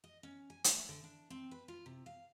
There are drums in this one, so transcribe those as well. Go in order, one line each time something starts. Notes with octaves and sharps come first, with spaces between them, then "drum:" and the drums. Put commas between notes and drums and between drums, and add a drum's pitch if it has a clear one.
D#5
C#4
G#5
A3, drum: hi-hat
D3
D4
C4
B4
F4
C3
F5